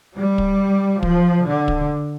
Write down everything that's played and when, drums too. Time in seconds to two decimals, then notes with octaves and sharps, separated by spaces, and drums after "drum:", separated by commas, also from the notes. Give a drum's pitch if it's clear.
0.17 G3
0.38 drum: kick
1.03 F3, drum: kick
1.46 D3
1.68 drum: kick